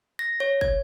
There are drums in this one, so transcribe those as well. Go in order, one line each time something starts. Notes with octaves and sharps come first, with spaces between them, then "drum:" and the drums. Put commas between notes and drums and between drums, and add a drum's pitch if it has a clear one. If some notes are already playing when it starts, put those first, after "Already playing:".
A#6
C#5
G#6, drum: kick